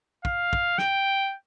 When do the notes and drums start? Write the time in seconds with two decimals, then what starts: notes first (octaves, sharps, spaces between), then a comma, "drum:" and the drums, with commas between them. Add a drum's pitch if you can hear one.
0.25 F5, drum: kick
0.53 drum: kick
0.78 G5, drum: snare